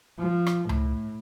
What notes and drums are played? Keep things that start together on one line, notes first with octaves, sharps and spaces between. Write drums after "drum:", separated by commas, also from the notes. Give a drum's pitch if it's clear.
F3
drum: rim click
A2, drum: tom C#2